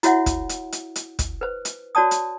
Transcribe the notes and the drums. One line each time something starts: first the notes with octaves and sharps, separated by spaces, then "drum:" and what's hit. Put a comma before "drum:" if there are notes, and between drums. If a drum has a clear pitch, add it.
E4 F#4 C#5 E5 F#5, drum: hi-hat
drum: kick, hi-hat
drum: hi-hat
drum: hi-hat
drum: hi-hat
drum: kick, hi-hat
B4 C5
drum: hi-hat
F#4 C#5 D5 A5 D#6
drum: hi-hat